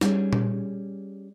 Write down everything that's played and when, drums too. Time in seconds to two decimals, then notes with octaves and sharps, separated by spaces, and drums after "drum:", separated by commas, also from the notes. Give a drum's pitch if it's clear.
0.01 G3 C#4 G#4, drum: snare
0.33 drum: tom A#2